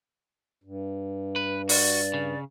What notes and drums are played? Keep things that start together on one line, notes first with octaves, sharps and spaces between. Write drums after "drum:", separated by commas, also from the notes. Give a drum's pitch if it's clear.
G2
B4
F#4 D5, drum: open hi-hat
C#3